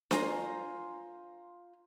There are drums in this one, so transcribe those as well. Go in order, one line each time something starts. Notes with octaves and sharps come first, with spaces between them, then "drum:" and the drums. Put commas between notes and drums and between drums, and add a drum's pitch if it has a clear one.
F4 C5 G#5 A#5, drum: snare D4